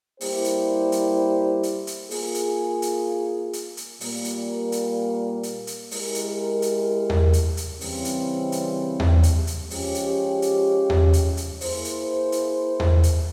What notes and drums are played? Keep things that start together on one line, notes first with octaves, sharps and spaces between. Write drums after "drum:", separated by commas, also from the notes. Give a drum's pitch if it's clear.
G3 A#3 E4 G4 C5, drum: open hi-hat
drum: hi-hat
drum: hi-hat
drum: hi-hat
drum: hi-hat
A#3 F4 G#4, drum: open hi-hat
drum: hi-hat
drum: hi-hat
drum: hi-hat
drum: hi-hat
A#2 G3 A#3, drum: open hi-hat
drum: hi-hat
drum: hi-hat
drum: hi-hat
drum: hi-hat
G#3 E4 G4 A#4, drum: open hi-hat
drum: hi-hat
drum: hi-hat
drum: tom E2
drum: hi-hat
drum: hi-hat
C#3 E3 G3 C4, drum: open hi-hat
drum: hi-hat
drum: hi-hat
drum: tom E2
drum: hi-hat
drum: hi-hat
F3 G#3 C#4 G4, drum: open hi-hat
drum: hi-hat
drum: hi-hat
drum: tom E2
drum: hi-hat
drum: hi-hat
A#3 E4 G#4 C5, drum: open hi-hat
drum: hi-hat
drum: hi-hat
drum: tom E2
drum: hi-hat